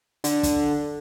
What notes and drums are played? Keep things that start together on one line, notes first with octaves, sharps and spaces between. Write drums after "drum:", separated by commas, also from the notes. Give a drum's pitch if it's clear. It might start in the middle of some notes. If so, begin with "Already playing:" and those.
D3, drum: hi-hat
drum: kick, hi-hat